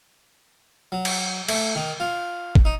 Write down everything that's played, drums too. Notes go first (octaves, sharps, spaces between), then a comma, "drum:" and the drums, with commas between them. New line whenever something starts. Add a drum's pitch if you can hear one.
F#3
drum: cymbal
A3, drum: cymbal
D#3
F4
drum: kick
D#4